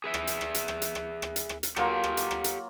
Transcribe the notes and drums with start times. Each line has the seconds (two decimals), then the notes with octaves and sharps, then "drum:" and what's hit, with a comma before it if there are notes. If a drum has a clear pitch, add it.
0.04 G#4 B4 E5
0.14 drum: rim click
0.27 drum: hi-hat
0.41 drum: rim click
0.54 drum: hi-hat
0.68 drum: rim click
0.82 drum: hi-hat
0.95 drum: rim click
1.22 drum: rim click
1.36 drum: hi-hat
1.49 drum: rim click
1.63 drum: hi-hat
1.76 F#3 A#3 F4 G4 A4, drum: rim click
2.04 drum: rim click
2.17 drum: hi-hat
2.31 drum: rim click
2.44 drum: hi-hat